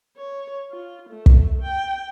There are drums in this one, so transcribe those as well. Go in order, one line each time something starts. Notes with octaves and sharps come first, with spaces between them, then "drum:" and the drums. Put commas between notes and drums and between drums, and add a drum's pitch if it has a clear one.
C#5
F4
A3
drum: kick
G5